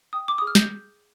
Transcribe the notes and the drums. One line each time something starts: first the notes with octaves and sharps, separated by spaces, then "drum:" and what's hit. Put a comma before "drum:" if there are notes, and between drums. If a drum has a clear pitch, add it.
G5 D#6
D6
G#4 D#6
F6
G6, drum: snare